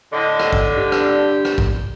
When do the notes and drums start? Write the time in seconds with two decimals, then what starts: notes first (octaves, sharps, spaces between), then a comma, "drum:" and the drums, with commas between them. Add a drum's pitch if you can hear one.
0.13 A2 D3 D#5
0.39 drum: rim click
0.53 drum: kick A1
0.76 D4 G4
0.92 drum: rim click
1.45 drum: rim click
1.58 drum: kick A1